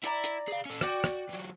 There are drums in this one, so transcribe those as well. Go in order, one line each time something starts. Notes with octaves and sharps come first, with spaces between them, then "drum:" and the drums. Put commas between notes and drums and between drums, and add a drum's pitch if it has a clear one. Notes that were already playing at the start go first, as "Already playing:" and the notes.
E4 D5 A#5, drum: hi-hat
drum: hi-hat
G#4 F5
C#4 A4
F#4 D5 G5, drum: rim click
drum: rim click
E3 F#3